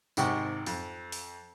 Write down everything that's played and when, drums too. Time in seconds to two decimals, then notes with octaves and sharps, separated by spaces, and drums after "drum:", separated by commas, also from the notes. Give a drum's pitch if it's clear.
0.17 G#1 G#2 C3 G4 F#5 C#6, drum: tambourine
0.66 F2, drum: open hi-hat
1.12 drum: open hi-hat